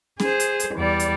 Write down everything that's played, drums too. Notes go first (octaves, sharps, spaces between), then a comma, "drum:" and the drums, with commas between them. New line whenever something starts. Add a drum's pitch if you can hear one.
G#4 C5, drum: snare C#4
drum: hi-hat
drum: hi-hat
E2 G3 D5
drum: hi-hat